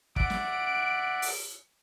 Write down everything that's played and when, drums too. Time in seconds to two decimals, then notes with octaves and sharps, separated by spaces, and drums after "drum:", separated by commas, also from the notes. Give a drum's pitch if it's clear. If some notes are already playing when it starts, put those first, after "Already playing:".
0.16 D5 E5 F#5 D7, drum: kick
0.30 drum: snare
1.22 drum: open hi-hat